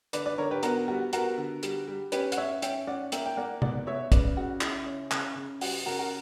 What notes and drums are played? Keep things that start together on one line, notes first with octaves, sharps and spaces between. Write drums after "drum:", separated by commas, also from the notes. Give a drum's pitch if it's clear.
D3 B4 D5, drum: hi-hat
B4 D5
D3 A#4 C#5
G4 B4
B3 F#4 A#4, drum: hi-hat
G3 F#4
B3 F#4 A#4, drum: hi-hat
D3
G3, drum: hi-hat
G3
C#4 G4 B4, drum: hi-hat
F#5, drum: hi-hat
C#4 C#5 E5
C#4 E5 G5, drum: hi-hat
C#4 D5 F#5
A#3 E5 G5, drum: hi-hat
G5
A#3 D5 F#5
B2 D5 F#5, drum: tom
B2 C#5 E5
C#3 B4 D5, drum: kick, hi-hat
C#3 F#4
C#3 E4, drum: clap
C#4
C#3, drum: clap
C#3
G3 F#4, drum: open hi-hat
C#3 F#4 A#4
F#4 A#4